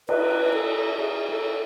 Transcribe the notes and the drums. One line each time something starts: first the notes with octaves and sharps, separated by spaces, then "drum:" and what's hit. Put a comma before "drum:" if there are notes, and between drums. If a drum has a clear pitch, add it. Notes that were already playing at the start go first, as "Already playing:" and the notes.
B4, drum: cymbal
A4
G#4
A4